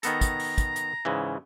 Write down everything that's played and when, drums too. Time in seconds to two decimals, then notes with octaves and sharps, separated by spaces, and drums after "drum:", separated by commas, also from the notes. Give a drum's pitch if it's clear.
0.03 D#3 B3 A4 A#5, drum: hi-hat
0.21 drum: kick, hi-hat
0.40 drum: open hi-hat
0.58 drum: kick, hi-hat
0.76 drum: hi-hat
1.05 G#2 C#3 E3